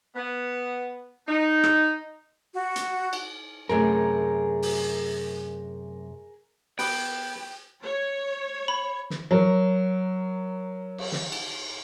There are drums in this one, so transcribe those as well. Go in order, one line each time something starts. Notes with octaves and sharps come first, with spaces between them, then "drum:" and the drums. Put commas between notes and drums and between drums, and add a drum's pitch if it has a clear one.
B3
D#4
drum: rim click
F#4
drum: hi-hat
drum: cymbal
F#2 C3 A3 G#4 A#4
drum: open hi-hat
B3 G4 B4 G5, drum: open hi-hat
C#5
B5
drum: snare
F#3 A#4
drum: cymbal
drum: snare
drum: cymbal